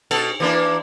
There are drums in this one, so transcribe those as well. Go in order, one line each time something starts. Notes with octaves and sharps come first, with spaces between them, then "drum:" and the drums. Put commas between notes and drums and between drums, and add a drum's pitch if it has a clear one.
B2 A4, drum: cymbal
E3 A#3 D4